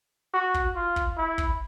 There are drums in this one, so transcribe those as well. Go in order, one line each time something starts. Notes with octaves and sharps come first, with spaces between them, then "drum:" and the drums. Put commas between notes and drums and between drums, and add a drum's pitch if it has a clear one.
F#4
drum: kick
F4
drum: kick
E4
drum: kick